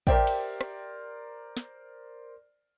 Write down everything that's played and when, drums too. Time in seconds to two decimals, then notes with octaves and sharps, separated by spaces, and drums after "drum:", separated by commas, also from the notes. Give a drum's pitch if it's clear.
0.07 G4 A#4 C5 D5 E5 G5, drum: kick
0.27 drum: cymbal
0.61 drum: rim click
1.57 drum: snare